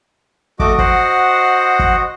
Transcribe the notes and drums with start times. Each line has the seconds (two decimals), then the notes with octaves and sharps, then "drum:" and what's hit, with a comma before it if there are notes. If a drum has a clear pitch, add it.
0.60 A3 F#4 D#5 D6, drum: kick
0.78 C5 F#5, drum: kick
1.79 drum: kick